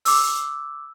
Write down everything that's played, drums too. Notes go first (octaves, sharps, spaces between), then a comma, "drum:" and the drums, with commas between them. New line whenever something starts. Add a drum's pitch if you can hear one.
D6 E6, drum: open hi-hat